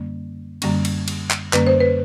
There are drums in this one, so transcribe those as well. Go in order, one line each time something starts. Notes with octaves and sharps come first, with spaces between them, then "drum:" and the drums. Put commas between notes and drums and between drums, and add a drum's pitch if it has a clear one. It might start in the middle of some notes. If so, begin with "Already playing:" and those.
Already playing: F#2 D3 G3 A#3 C#4
F#2 D3 G3 A#3 C#4, drum: cymbal
drum: cymbal
drum: cymbal
drum: clap
F#2 D3 G3 A#3 C#4 B4, drum: clap
C5
B4